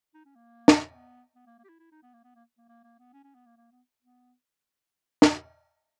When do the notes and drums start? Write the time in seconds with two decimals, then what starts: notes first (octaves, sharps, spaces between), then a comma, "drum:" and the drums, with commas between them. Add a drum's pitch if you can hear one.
0.14 D#4
0.25 C#4
0.35 A#3
0.68 drum: snare
0.91 B3
1.35 B3
1.46 A#3
1.58 A#3
1.64 G4
1.69 E4
1.79 E4
1.92 D#4
2.03 B3
2.13 A#3
2.24 B3
2.35 A#3
2.58 A#3
2.69 A#3
2.84 A#3
2.98 B3
3.13 C#4
3.24 C#4
3.35 B3
3.46 A#3
3.57 A#3
3.71 B3
4.02 B3
5.22 drum: snare